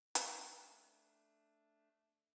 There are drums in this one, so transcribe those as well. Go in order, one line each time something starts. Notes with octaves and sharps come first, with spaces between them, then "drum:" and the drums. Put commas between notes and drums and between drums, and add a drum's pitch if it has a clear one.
A3 D4, drum: hi-hat